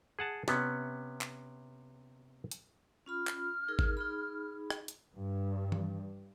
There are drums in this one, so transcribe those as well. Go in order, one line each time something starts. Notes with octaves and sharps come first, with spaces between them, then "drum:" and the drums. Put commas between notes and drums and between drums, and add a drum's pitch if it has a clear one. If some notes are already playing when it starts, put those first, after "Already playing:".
G#4 F#5 A5
C3 B3 C#4, drum: snare
drum: clap
drum: hi-hat
C#4 F4 B5 F6
drum: clap
D#4 G#4 A#4
drum: kick G#1
D#4 G#4 B5
drum: rim click
drum: hi-hat
G2
drum: tom E3